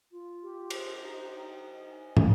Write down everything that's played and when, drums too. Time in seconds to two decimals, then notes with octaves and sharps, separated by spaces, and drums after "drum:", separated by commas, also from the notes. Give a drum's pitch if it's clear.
0.12 F4
0.42 G4
0.70 C5, drum: cymbal
1.00 D#4
1.28 D#4
1.58 D#5
1.88 G#5
2.17 B5, drum: tom